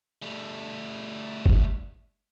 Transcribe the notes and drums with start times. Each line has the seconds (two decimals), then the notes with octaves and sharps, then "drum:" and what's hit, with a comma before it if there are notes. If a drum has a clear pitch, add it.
0.22 G3 A3
1.46 drum: kick